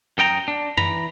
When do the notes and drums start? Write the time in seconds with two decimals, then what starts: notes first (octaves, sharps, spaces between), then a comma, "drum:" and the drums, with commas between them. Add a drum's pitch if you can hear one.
0.18 F#2 D#4 G5 A#5
0.48 D4
0.78 E3 A#5 B5, drum: tom F#2